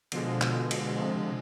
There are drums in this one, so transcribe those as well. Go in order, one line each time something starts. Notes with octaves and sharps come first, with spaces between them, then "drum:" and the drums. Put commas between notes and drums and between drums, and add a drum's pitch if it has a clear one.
B2 D3 F3 G#3, drum: cymbal
drum: clap
drum: cymbal
C3
C3